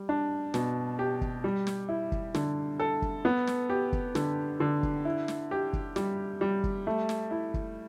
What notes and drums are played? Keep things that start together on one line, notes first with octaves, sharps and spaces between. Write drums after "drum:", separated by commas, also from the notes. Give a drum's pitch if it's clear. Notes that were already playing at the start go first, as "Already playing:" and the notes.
Already playing: G3
D4
B2, drum: snare
G4
drum: kick
G3
drum: snare
E4
drum: kick
D3, drum: snare
A4
drum: kick
B3
drum: snare
G4
drum: kick
D3, drum: snare
D3
drum: kick
E4
drum: snare
G4
drum: kick
G3, drum: snare
G3
drum: kick
A3
drum: snare
E4
drum: kick